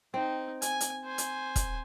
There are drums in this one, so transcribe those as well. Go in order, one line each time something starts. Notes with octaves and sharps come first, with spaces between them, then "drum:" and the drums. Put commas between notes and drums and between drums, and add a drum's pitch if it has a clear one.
C4 D#4
G#5, drum: hi-hat
drum: hi-hat
C5 G#5
drum: hi-hat
drum: kick, hi-hat